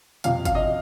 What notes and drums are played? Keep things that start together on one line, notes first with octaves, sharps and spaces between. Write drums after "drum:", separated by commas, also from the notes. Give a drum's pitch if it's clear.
F2 C3 F3 F5, drum: hi-hat
F5, drum: kick, hi-hat
D#5